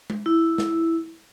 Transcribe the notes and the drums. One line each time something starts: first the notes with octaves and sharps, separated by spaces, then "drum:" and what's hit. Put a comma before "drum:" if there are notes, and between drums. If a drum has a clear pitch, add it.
drum: tom G#3
E4
drum: snare